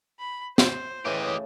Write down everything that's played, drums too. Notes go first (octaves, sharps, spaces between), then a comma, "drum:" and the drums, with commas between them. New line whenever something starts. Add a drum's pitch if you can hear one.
B5
C5, drum: snare
A2 C#3 E3 G4 D#5